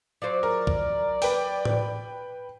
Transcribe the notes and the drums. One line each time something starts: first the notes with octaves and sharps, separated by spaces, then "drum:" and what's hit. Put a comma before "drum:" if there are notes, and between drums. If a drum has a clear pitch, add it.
F#3 F4 C5 D5
A#4
drum: kick B1
B4 G5, drum: open hi-hat
drum: tom A2